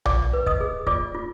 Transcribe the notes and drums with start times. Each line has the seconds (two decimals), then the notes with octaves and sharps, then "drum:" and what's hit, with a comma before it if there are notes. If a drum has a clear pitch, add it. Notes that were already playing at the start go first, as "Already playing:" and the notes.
0.05 F4 D5 D6, drum: tom B1
0.33 B4
0.46 D#5 D#6, drum: kick
0.60 G#4
0.87 F4 D5 D6, drum: kick
1.14 F4